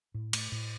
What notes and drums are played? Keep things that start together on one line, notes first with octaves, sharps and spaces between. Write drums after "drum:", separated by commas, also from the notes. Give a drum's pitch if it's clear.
A2
A3, drum: cymbal
A2